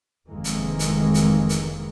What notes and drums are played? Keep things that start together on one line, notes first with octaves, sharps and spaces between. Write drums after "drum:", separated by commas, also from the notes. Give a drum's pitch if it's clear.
F1 D#3 E3 G#3 A#3
drum: hi-hat
drum: hi-hat
drum: hi-hat
drum: hi-hat